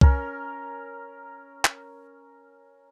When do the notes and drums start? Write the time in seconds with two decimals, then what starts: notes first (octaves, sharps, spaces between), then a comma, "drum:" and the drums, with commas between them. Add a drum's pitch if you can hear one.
0.01 C#4 A#4, drum: kick C2
1.65 drum: clap